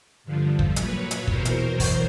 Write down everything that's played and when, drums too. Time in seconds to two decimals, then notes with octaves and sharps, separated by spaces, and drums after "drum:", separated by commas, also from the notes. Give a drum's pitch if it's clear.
0.24 G2 D3 F3
0.59 drum: kick
0.76 A#2 F#3 B4 C#5, drum: hi-hat
1.11 drum: hi-hat
1.28 E2 B2 F#3 A#4 C5, drum: kick
1.45 drum: hi-hat
1.80 drum: kick, open hi-hat